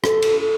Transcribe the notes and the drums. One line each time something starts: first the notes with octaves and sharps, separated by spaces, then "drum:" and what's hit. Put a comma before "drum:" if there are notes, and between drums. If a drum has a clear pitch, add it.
A4, drum: rim click
drum: cymbal
A4